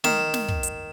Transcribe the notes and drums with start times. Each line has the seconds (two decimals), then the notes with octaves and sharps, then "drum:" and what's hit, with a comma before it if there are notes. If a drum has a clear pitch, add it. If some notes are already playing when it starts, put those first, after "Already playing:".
0.04 D#3 E7, drum: snare
0.34 drum: snare
0.48 drum: kick
0.63 drum: hi-hat